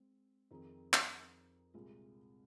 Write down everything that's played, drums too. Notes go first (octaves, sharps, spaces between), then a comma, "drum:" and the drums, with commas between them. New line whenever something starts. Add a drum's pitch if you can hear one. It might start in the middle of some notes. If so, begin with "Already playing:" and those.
Already playing: G#3 C4
F2 D#3 C4 D#4 G#4
drum: clap
C2 A#2 G#3 F4 G#4